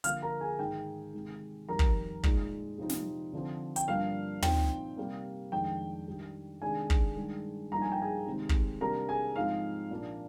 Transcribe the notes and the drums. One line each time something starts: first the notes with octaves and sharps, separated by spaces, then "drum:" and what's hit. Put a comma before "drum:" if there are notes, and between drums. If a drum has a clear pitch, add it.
D3 F3 A#3 F5 F6, drum: hi-hat
A#4 A#5
G#4 G#5
G#2 D#3 G#3 D#4 G5
C3 D#3 G#3
F2 D#3 G3 A#4 A#5
drum: kick
A#2 G#3 D#4, drum: kick
C3 F3 C4 D#4
drum: snare
D3 F3 C4
G5, drum: hi-hat
G2 F3 A#3 D4 F5
A#2 F3 C4 D#4 G5, drum: tom
C3 G3 A#3
F2 D#3 G#3 D4 G5
D#3 G3 D4
C3 D#3 G#3 D4 G#4 G#5
drum: kick
G2 D#3 G#3 D4
G2 F3 A#3 D#4 A#5
G#5
G5
G#4 G#5
C3 D#3 G#3 C4 D#4
drum: kick
C3 G3 A#3 D4 A#4 A#5
G#4 G#5
G#2 F3 C4 D#4 F5
A#2 F3 A#3 D4